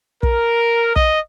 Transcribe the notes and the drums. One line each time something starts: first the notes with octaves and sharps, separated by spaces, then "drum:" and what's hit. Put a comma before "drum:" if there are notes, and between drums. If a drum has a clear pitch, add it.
A#4, drum: kick
D#5, drum: kick